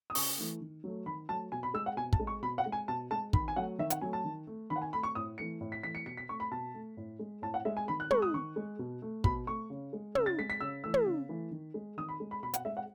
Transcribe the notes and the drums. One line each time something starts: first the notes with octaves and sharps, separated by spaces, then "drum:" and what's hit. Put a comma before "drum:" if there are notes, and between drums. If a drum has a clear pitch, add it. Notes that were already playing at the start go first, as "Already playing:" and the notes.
D#6
C#3 C#6, drum: open hi-hat
E3 A3
D#3
F#3 A3
D#3 B5
F#3 A3 A5
B2 G#5
B5
G#3 E6
F#5
B2 G#5
A5, drum: kick
G#3
C#6
B2 B5
F#5
G#3
G#5
B2 A5
G#3 A5
D#3 B5, drum: kick
G#5
F#3 A3 F#5
D#3 E5
F#5, drum: hi-hat
F#3 A3 G#5
A5
D#3
A3
D#3 B5
F#5
G#5
A3 B5
C#6
A2 D#6
E3 A3 C#7
A2
B6
E3 A3 B6
C#7
B2 C#7
B6
A3 C#6
B5
B2 A5
A3
A2
G#3
A2 A5
F#5
G#3 E5
G#5
D#3 B5
F#6
G#3 C#6, drum: tom
D#6
D#3 C#6
G#3
B2
A3
B2 B5, drum: kick
A3 C#6
C#3
G#3
C#3 E6, drum: tom
A6
G#3 B6
B6
C#3 E6
E3 A3 E6
drum: tom
C#3
E3 A3
D#3
G#3
D#3 D#6
B5
G#3
B5
B2 B5
F#5, drum: hi-hat
G#3 E5
F#5